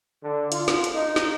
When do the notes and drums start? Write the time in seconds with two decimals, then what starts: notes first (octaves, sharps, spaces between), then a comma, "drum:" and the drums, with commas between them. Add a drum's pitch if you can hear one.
0.23 D3
0.52 F4, drum: hi-hat
0.68 drum: snare
0.84 drum: hi-hat
0.95 D#4
1.16 drum: snare